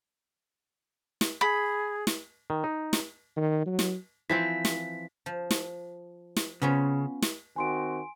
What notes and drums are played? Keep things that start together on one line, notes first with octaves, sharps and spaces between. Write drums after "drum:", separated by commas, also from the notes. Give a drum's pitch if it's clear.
drum: snare
G#4 B5
drum: snare
D#3
D#4
drum: snare
D#3
F#3
drum: snare
E3 F3 C4 B6
drum: snare
F3
drum: snare
drum: snare
C#3 B3 C#4 F4
drum: snare
D#3 C4 F#4 G#5 C6 D7